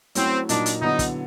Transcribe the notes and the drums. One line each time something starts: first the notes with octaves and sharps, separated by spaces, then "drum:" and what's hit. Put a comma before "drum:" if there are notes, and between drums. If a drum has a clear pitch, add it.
F#3 A3 C4 C#4 E4, drum: hi-hat
A#2 F#3 A#3 D4 D#4, drum: hi-hat
drum: hi-hat
D3 F#3 B3 D#4 E4
drum: kick, hi-hat